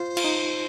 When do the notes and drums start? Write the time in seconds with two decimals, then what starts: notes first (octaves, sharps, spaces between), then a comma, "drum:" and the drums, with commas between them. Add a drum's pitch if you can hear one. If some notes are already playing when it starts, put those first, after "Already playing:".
Already playing: F4 C5
0.17 F4, drum: cymbal
0.24 D#4